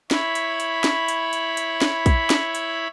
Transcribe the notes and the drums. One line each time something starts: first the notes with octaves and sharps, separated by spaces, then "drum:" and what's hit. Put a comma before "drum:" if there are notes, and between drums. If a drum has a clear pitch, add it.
E4 C#5 B5, drum: snare
drum: hi-hat
drum: hi-hat
drum: snare
drum: hi-hat
drum: hi-hat
drum: hi-hat
drum: snare
drum: kick, hi-hat
drum: snare
drum: hi-hat